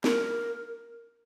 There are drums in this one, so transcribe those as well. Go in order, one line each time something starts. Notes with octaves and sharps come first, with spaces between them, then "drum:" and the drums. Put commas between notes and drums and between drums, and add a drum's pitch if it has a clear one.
A#4, drum: snare